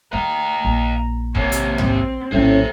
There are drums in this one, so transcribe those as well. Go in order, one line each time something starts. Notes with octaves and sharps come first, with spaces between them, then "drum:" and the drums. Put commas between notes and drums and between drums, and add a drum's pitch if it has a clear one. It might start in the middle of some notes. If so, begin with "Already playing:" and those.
A3 D#5 F5 A#5
A#1
D#2 C3 A#3 C#5, drum: kick
drum: hi-hat
C4, drum: tom
A#1 A2 F#3 C#4 A4 C5 E5